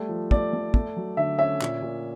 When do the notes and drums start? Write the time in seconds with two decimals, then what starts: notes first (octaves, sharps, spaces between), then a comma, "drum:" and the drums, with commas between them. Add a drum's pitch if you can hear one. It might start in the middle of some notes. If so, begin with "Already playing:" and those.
Already playing: G3 A3
0.09 F3
0.31 A3 D5, drum: kick
0.53 A3
0.74 A3, drum: kick
0.96 F#3
1.17 D3 E5
1.39 C#4 E5
1.61 A#2, drum: clap
1.82 A#2